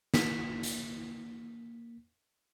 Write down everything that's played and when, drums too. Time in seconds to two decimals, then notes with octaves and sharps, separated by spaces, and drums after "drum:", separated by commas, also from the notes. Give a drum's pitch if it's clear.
0.14 A#3 B6, drum: snare
0.63 drum: hi-hat